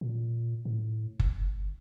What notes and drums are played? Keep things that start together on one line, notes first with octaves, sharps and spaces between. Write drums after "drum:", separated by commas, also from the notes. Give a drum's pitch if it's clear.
A#2
A2
G1, drum: kick F#1